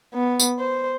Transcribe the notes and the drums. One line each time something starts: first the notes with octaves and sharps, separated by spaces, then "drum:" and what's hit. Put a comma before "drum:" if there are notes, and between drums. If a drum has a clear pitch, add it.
B3
drum: tambourine
C5